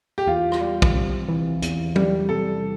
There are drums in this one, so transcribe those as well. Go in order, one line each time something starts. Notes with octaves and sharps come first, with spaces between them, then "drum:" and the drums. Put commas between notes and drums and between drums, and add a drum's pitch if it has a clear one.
G4
E2 F4
drum: rim click
G3
drum: kick
C3
E3
E2, drum: hi-hat
G3, drum: tom F#3
C3 A4